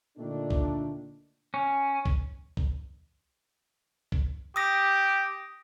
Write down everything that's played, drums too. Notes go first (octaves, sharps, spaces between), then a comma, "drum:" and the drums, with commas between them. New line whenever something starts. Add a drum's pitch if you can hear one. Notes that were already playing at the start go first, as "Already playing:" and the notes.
A#2 D3 D#3 A3 D4
drum: kick
C#4
drum: kick
drum: kick
drum: kick
G4 D#6 A#6